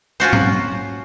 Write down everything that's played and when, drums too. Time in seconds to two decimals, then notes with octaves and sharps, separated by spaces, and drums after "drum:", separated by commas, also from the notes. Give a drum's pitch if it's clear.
0.20 C#4 F4 F#4 C5
0.33 drum: tom G#2